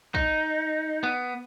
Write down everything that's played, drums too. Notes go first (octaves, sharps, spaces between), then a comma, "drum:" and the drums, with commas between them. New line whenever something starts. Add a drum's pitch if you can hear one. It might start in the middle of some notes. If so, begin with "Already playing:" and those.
D#4, drum: kick
B3